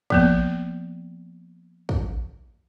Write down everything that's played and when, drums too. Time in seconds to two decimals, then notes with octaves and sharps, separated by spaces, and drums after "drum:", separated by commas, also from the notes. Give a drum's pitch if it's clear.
0.10 F3 A#3 B3, drum: kick
1.89 drum: kick